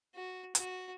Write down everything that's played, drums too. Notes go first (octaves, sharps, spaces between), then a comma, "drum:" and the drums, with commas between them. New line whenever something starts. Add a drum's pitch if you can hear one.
F#4
F#4, drum: hi-hat